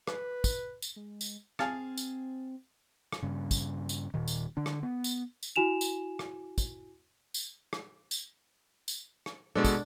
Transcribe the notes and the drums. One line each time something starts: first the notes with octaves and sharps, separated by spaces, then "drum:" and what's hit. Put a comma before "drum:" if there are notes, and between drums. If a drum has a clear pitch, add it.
B4, drum: rim click
drum: kick, tambourine
drum: tambourine
G#3
drum: tambourine
C4 G#4 F5 A5, drum: rim click
drum: tambourine
drum: rim click
G2 C#3
drum: kick, tambourine
drum: tambourine
D#1 A#2 D#3
drum: tambourine
D3 D4
drum: rim click
B3
drum: tambourine
drum: tambourine
E4 F#4 G#5 E7 F7
drum: tambourine
drum: rim click
drum: kick, tambourine
drum: tambourine
drum: rim click
drum: tambourine
drum: tambourine
drum: rim click
B2 G#3 D4 A4
drum: kick, tambourine